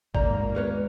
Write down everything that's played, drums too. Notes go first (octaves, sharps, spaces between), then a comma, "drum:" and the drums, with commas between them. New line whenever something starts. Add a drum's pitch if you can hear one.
G#1 D#2 A#3 D5 A#5, drum: kick
G#3 B3 A#4 B4 C#5